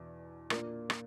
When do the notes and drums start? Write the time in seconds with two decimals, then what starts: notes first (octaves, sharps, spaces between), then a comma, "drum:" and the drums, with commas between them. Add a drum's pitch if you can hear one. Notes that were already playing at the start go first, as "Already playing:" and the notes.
Already playing: E2 B2 D4
0.50 A#2 A#3 D4, drum: rim click
0.90 drum: rim click